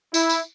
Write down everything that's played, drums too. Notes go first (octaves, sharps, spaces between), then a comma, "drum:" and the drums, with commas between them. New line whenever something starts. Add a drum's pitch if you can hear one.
E4, drum: tambourine
drum: tambourine